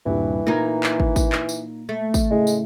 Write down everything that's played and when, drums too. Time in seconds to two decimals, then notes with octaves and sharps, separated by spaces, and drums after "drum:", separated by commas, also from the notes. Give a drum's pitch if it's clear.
0.06 D#1 G2 C3 E3
0.47 A#2 A#3 D#4 A#5 G#6
0.83 drum: clap
1.00 drum: kick
1.16 drum: kick, tambourine
1.32 drum: clap
1.49 drum: tambourine
1.89 A3
2.14 drum: kick, tambourine
2.31 A2 C#3 G#3
2.47 drum: tambourine